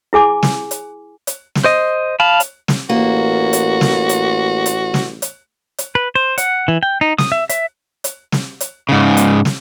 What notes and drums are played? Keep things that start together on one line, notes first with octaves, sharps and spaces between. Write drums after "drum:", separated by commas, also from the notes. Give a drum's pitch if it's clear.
E4 G#4 G#5 D6
drum: snare
drum: hi-hat
drum: hi-hat
drum: snare
C5 D#5
F5 A5 B5
drum: hi-hat
drum: snare
A1 A#3 F#4
drum: hi-hat
drum: snare
drum: hi-hat
drum: hi-hat
drum: snare
drum: hi-hat
drum: hi-hat
B4
C5
F#5, drum: hi-hat
E3
G5
D#4
D#6, drum: snare
E5
E5, drum: hi-hat
drum: hi-hat
drum: snare
drum: hi-hat
G#2 C#3
drum: hi-hat
drum: snare